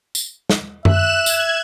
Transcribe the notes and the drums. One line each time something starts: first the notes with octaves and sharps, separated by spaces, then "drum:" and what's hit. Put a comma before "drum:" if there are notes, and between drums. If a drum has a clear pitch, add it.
drum: tambourine
drum: snare
E5 F#6 E7, drum: tom F#2
G#6, drum: tambourine